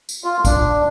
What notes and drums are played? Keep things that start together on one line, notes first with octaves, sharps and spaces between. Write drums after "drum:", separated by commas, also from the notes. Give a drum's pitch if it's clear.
drum: tambourine
F4
D4, drum: kick, tambourine